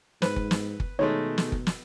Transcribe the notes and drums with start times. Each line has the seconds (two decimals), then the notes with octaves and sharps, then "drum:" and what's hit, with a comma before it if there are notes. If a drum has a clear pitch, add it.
0.22 G#2 B4 C5, drum: snare
0.36 drum: kick
0.51 drum: snare
0.80 drum: kick
0.99 B2 D#3 G#3 A3 C#5
1.38 drum: snare
1.52 drum: kick
1.67 drum: snare